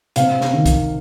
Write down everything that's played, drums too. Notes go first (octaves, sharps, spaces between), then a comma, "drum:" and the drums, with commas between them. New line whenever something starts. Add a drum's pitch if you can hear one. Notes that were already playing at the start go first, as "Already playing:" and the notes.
C3 F5, drum: hi-hat
drum: snare
D#3
drum: kick, hi-hat